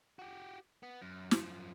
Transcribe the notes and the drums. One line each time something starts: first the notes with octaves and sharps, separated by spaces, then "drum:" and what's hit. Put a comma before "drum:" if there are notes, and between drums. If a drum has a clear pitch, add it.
F#4 G4
B3
F#2
F#2 F3, drum: snare